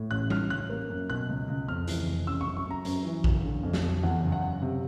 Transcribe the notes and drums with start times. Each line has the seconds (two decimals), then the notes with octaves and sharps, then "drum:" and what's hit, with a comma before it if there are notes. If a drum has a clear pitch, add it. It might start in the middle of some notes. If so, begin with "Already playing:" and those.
Already playing: A2
0.11 A1 F#6
0.30 A1 F6, drum: tom G3
0.50 C#3 F#6
0.70 A#3
0.90 F#2
1.10 B2 F#6
1.29 C#2
1.48 C#2
1.68 F2 F6
1.88 E3, drum: hi-hat
2.06 F1
2.26 C#3 E6
2.41 C#6
2.47 F#2
2.57 C#6
2.66 F#2 A#5
2.85 F#2, drum: hi-hat
3.05 E3
3.24 F#1, drum: kick A#1
3.44 D3
3.63 F2
3.73 drum: snare
3.83 F2
4.03 E2 F#5
4.23 F#1
4.32 F#5
4.42 F#1
4.62 C3